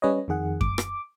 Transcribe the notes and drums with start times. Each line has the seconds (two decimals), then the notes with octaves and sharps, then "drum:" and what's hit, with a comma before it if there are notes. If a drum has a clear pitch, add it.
0.02 G3 C#4 B4 C#5 D#5
0.28 F2 D#3 G#4 F#5
0.61 D6, drum: kick F#2
0.78 drum: rim click